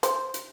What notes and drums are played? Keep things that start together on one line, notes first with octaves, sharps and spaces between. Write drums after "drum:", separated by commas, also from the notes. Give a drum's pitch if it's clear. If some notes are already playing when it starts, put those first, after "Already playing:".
C5, drum: hi-hat
drum: hi-hat